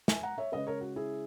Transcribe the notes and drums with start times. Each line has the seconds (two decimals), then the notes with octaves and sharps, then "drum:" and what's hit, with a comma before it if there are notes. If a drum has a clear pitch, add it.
0.08 E5 G#5, drum: snare
0.23 F#5 A#5
0.38 C#5 E5
0.52 C#3 G#3 C#4 B4 D#5
0.67 A#4 C#5
0.81 F#4
0.96 E4 G#4